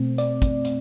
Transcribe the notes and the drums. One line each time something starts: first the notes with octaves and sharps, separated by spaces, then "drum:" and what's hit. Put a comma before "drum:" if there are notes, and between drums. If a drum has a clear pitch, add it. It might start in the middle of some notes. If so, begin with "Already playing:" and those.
Already playing: B2 A3 C4
D5, drum: hi-hat
drum: kick, hi-hat
drum: hi-hat